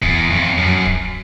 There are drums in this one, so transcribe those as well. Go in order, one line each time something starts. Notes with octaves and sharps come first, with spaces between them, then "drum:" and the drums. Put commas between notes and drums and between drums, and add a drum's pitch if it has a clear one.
E2, drum: kick
F2
F#2
drum: kick